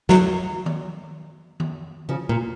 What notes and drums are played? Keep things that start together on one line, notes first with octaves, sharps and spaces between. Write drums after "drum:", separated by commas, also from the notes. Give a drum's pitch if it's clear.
D#3 F#3, drum: snare
drum: tom D#3
drum: tom D#3
C#3 F3
A#2